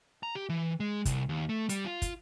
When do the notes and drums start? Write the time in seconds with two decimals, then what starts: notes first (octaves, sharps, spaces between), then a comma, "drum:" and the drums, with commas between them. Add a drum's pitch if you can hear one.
0.23 A#5
0.35 G4
0.49 E3
0.80 G#3
1.05 C2, drum: kick, hi-hat
1.29 D#2
1.49 A3
1.69 G3, drum: hi-hat
1.86 F4
2.02 drum: kick, hi-hat